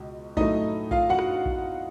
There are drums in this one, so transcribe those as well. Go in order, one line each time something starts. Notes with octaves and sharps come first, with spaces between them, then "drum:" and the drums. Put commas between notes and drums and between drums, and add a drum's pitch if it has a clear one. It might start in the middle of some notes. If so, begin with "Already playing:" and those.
Already playing: C#2 B2
A2 F#3 A3 D#4 D#5, drum: kick A#1
F4 F5, drum: kick A#1
F#4 F#5
drum: rim click
drum: kick A#1